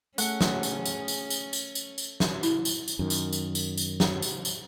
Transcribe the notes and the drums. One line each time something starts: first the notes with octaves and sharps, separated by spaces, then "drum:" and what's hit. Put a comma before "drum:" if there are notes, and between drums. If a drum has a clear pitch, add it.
A3 C#4 G#4 F#5, drum: tambourine
drum: snare
drum: tambourine
drum: tambourine
drum: tambourine
drum: tambourine
drum: tambourine
drum: tambourine
drum: tambourine
drum: snare
E4, drum: tambourine
drum: tambourine
drum: tambourine
F#2 D#3
drum: tambourine
drum: tambourine
drum: tambourine
drum: tambourine
drum: snare
drum: tambourine
drum: tambourine